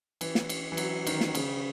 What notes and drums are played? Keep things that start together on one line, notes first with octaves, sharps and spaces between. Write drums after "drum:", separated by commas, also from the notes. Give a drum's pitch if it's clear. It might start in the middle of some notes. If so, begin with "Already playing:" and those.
E3, drum: cymbal
drum: snare
drum: cymbal
E3
F#3, drum: cymbal
D#3, drum: cymbal
drum: snare
C#3, drum: cymbal